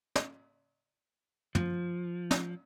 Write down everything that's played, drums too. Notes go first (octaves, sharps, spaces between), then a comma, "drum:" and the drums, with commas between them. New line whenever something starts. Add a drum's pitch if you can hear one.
drum: snare
F3, drum: tom
drum: snare